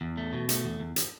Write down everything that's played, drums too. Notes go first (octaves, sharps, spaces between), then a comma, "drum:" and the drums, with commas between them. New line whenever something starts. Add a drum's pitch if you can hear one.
E2
A3
B2
A3, drum: hi-hat
E2
E2
drum: hi-hat